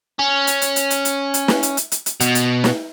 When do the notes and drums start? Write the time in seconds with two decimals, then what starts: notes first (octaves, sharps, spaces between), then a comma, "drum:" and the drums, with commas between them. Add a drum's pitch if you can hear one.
0.19 C#4
0.47 drum: hi-hat
0.62 drum: hi-hat
0.76 drum: hi-hat
0.90 drum: hi-hat
1.05 drum: hi-hat
1.34 drum: hi-hat
1.48 drum: snare
1.63 drum: hi-hat
1.77 drum: hi-hat
1.92 drum: hi-hat
2.06 drum: hi-hat
2.20 B2, drum: hi-hat
2.35 drum: hi-hat
2.64 drum: snare